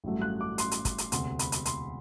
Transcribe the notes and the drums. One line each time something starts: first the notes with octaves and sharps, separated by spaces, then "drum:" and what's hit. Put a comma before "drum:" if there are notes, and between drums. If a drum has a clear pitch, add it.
A1 G2 F#3 A3
F#6
D6
C6, drum: hi-hat
drum: hi-hat
drum: kick, hi-hat
drum: hi-hat
E1 D2 C3 C6, drum: hi-hat
B5, drum: hi-hat
drum: hi-hat
C6, drum: hi-hat